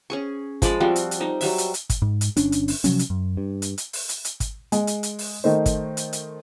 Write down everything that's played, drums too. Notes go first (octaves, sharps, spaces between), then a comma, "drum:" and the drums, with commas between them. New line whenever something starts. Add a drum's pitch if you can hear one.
C#4 G#4 C#6
F3 G#3 D5 B5, drum: kick, hi-hat
F3 G3 C4 F#4
drum: hi-hat
drum: hi-hat
G3 D#4
F#3 G3 E5, drum: open hi-hat
drum: hi-hat
drum: hi-hat
drum: kick, hi-hat
G#2
drum: hi-hat
G1 C#4 D4, drum: hi-hat
drum: hi-hat
drum: open hi-hat
C3 F3 F#3 C#4, drum: hi-hat
drum: hi-hat
F#2
G2
drum: hi-hat
drum: hi-hat
drum: open hi-hat
drum: hi-hat
drum: hi-hat
drum: kick, hi-hat
G#3, drum: hi-hat
drum: hi-hat
drum: hi-hat
drum: open hi-hat
D#3 A3 D#4 C5
drum: kick, hi-hat
drum: hi-hat
drum: hi-hat